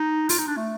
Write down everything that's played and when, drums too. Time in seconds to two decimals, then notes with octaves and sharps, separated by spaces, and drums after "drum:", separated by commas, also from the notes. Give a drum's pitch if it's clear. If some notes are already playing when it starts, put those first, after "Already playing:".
Already playing: D#4
0.29 F4, drum: open hi-hat
0.38 D#4
0.48 D4
0.57 A3